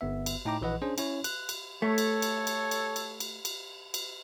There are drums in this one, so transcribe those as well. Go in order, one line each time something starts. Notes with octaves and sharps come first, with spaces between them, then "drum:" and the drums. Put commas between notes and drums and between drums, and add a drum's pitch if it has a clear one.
G1 B3 E5
drum: cymbal
A2 D#4 G5 A#5 D6
A#1 E3 B4 D#5 F#5
C#4 D4 G#4 C5
C#4 E4 C#5, drum: cymbal
F#6, drum: cymbal
drum: cymbal
A3 A4 C#5
drum: cymbal
drum: cymbal
drum: cymbal
drum: cymbal
drum: cymbal
drum: cymbal
drum: cymbal
drum: cymbal